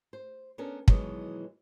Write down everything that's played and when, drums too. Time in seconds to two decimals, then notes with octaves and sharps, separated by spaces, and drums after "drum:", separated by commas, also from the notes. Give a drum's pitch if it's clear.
0.13 C5
0.58 B3 C#4 D4 A4 A#4
0.88 B2 D#3 E3 F#3 G#3, drum: kick